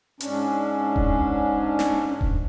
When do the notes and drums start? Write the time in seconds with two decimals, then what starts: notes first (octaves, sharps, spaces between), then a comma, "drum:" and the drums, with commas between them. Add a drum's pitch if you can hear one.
0.20 G#2 C#4 D4, drum: hi-hat
0.96 drum: kick D#1
1.79 drum: snare
2.21 drum: kick D#1